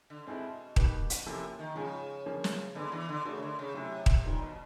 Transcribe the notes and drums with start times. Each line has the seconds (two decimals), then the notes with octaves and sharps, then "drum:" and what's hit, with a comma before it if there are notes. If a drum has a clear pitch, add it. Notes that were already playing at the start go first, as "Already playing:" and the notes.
0.10 D3
0.27 B2 G#3 C4 E4 A4
0.76 A#3 D#4 G4 B4, drum: kick D#1
1.10 drum: hi-hat
1.26 C3 F3 A#3 C#4 E4 A4
1.59 D#3
1.75 C#3 F3 G#3 C#4 F4
2.26 D3 F3 A#3 C#4
2.44 drum: snare
2.75 D3 G#3 B3 D4
2.92 E3
3.09 D3
3.25 C#3 A3 D4 F#4 A#4
3.42 D3
3.59 C#3
3.74 C3 F#3 A3 C#4 E4 G4
4.06 drum: kick D#1
4.24 A#2 D#3 G3 B3 D#4
4.42 B2